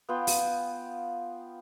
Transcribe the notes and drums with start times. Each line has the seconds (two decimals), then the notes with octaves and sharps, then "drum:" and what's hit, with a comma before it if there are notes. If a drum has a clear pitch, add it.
0.09 B3 F4 G5
0.27 drum: open hi-hat